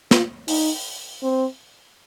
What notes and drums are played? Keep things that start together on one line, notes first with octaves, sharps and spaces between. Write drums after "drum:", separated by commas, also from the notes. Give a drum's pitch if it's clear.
F4, drum: snare
D#4, drum: open hi-hat
C4